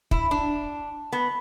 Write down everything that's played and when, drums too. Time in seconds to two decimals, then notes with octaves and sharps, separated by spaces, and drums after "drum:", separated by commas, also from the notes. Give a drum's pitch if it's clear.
0.11 E4, drum: kick
0.31 D4
1.12 B3